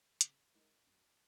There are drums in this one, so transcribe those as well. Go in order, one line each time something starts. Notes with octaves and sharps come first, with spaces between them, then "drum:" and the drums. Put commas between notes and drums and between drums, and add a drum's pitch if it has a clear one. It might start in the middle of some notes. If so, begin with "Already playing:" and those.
C#3, drum: hi-hat
G#3 D#4 A#4 D#5
F#2